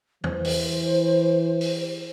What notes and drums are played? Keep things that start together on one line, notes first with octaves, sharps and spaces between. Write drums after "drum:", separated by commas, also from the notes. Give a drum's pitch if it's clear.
E3 C5, drum: tom
drum: open hi-hat
drum: open hi-hat